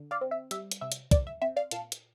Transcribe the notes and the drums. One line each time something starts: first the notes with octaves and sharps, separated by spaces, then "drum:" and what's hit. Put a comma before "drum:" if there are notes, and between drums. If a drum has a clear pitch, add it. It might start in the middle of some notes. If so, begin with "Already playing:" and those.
Already playing: D3
D5 F5
C4
E5
G3 E5, drum: hi-hat
drum: hi-hat
C3 E5
drum: hi-hat
C3 D5, drum: kick, hi-hat
E5
C4 E5
D5 F5
A#2 F5 A5, drum: hi-hat
drum: hi-hat